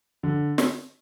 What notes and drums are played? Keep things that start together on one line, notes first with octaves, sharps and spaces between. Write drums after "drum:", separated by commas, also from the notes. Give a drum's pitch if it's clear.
D3
drum: snare